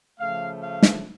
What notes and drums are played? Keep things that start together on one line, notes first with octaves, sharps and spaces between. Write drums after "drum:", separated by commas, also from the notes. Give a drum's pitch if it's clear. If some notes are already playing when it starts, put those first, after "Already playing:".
C#3 F3 A3 F5
F5
drum: snare